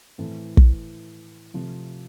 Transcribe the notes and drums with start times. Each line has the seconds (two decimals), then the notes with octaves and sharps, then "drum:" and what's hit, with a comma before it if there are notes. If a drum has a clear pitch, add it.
0.18 A2 E3 A3 C4
0.57 drum: kick
1.54 C3 F3 A3